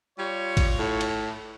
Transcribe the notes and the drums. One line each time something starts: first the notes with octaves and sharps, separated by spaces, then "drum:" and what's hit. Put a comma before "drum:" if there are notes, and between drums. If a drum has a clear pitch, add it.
G3 F4 C#5
drum: kick, cymbal
A2
drum: cymbal